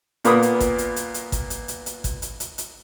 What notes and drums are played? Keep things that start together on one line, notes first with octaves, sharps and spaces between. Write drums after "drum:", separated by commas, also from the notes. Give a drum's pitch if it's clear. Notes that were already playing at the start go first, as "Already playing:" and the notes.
A#2 A#3 B3 B5 D#6, drum: hi-hat
drum: hi-hat
drum: kick, hi-hat
drum: hi-hat
drum: hi-hat
drum: hi-hat
drum: kick, hi-hat
drum: hi-hat
drum: hi-hat
drum: hi-hat
drum: kick, hi-hat
drum: hi-hat
drum: hi-hat
drum: hi-hat